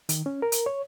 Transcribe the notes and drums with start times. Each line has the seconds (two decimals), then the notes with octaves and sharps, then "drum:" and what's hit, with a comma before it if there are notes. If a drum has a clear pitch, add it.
0.09 D#3, drum: hi-hat
0.26 C#4
0.42 A#4
0.52 drum: hi-hat
0.66 C#5